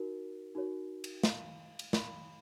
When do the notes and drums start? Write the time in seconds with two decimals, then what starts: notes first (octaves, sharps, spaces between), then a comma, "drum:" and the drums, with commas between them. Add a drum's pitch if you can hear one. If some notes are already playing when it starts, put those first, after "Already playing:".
Already playing: D#4 F#4 A#4
0.55 D#4 F#4 A#4 C#5
1.04 drum: cymbal
1.23 C#5 F5 B5, drum: snare
1.79 drum: cymbal
1.93 C#5 F5 B5, drum: snare